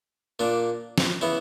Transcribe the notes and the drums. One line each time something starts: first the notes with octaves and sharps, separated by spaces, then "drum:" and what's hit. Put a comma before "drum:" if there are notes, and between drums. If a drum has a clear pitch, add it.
A#2 A#3 D4
drum: snare
C#3 E3 B3 E4